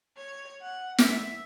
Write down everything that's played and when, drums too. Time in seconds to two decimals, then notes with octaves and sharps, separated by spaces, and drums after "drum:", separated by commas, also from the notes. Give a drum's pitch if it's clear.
0.17 C#5
0.61 F#5
0.98 E5, drum: snare